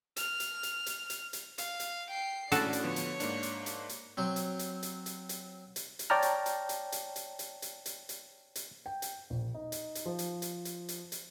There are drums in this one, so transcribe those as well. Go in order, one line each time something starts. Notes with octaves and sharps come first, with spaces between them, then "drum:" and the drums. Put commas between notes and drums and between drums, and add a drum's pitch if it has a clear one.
F6, drum: hi-hat
drum: hi-hat
drum: hi-hat
drum: hi-hat
drum: hi-hat
drum: hi-hat
F5, drum: hi-hat
drum: hi-hat
G5 C7
A2 C#4 D4 F#4 A4 D5, drum: hi-hat
drum: hi-hat
D3 F3 B3 C#5
drum: hi-hat
G#2 A#3 D4, drum: hi-hat
drum: hi-hat
drum: hi-hat
drum: hi-hat
F#3 C4
drum: hi-hat
drum: hi-hat
drum: hi-hat
drum: hi-hat
drum: hi-hat
drum: hi-hat
drum: hi-hat
C#5 D5 G5 A5 A#5 F6
drum: hi-hat
drum: hi-hat
drum: hi-hat
drum: hi-hat
drum: hi-hat
drum: hi-hat
drum: hi-hat
drum: hi-hat
drum: hi-hat
drum: hi-hat
G5
drum: hi-hat
A#1
D#4
drum: hi-hat
drum: hi-hat
F3
drum: hi-hat
drum: hi-hat
drum: hi-hat
drum: hi-hat
drum: hi-hat